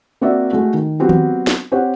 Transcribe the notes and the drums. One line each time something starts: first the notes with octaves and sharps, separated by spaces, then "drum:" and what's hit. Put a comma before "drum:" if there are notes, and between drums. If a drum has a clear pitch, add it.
A#3 C4 F#4 D5 E5
G#3 A3 F#4
D#3
F#3 B3 C4 F#4 G4
drum: tom D#3
drum: snare
C4 G4 C5 C#5 F#5